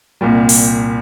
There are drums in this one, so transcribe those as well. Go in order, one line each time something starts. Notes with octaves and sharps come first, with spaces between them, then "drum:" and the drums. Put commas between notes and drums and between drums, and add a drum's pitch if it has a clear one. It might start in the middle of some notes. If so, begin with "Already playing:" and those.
C2 A#2 G3
drum: open hi-hat